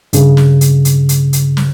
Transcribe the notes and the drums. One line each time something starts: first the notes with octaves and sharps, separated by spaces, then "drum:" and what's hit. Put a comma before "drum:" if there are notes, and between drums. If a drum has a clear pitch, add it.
G2 C#3, drum: hi-hat
drum: snare
drum: hi-hat
drum: hi-hat
drum: hi-hat
drum: hi-hat
drum: snare